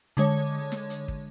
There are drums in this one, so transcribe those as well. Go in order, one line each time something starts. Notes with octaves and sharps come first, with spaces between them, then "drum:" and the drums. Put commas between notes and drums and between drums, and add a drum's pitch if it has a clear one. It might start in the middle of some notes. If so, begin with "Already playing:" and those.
D3 G#3 C#5, drum: hi-hat
drum: snare
drum: hi-hat
drum: kick